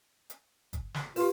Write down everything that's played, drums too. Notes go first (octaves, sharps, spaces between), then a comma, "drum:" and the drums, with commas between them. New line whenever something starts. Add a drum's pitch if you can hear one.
drum: hi-hat
drum: kick, hi-hat
drum: snare
F4 G4 B4, drum: open hi-hat